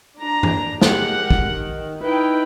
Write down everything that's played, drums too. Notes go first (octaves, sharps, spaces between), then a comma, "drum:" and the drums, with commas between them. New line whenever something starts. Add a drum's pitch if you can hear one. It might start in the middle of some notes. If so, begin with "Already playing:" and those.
D4 A#5
drum: tom G2
G#3 G4 A#4 F#5, drum: snare
drum: kick
D#3
D#4 E4 B4 G5